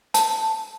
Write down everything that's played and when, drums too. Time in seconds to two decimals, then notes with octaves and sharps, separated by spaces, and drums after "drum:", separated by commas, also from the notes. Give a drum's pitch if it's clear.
0.14 A5, drum: hi-hat